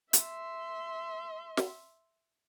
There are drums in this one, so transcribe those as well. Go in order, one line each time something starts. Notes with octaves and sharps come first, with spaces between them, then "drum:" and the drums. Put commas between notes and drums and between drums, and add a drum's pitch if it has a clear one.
E5 C6, drum: hi-hat
drum: snare